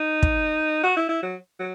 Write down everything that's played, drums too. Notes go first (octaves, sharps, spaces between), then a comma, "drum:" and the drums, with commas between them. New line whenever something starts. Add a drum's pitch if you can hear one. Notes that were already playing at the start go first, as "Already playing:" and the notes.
Already playing: D#4
drum: kick
F#4
E4
E4
F#3
F#3